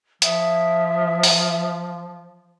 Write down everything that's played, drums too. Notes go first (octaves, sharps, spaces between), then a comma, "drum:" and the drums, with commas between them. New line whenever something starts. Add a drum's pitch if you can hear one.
F3 E5 D#6, drum: hi-hat
drum: open hi-hat